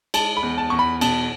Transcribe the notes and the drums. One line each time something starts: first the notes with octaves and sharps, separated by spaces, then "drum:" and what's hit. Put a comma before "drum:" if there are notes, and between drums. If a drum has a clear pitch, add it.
G#3 A5, drum: cymbal
B5
E2
A5
E2 C#6
B5
B2 A5, drum: cymbal